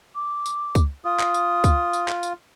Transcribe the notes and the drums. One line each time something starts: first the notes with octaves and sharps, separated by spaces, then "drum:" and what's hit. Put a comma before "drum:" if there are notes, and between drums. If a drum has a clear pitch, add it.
D6
drum: tambourine
drum: kick C#2, tambourine
F4 D#6
drum: clap
drum: tambourine
drum: kick C#2, tambourine
drum: tambourine
drum: clap
drum: tambourine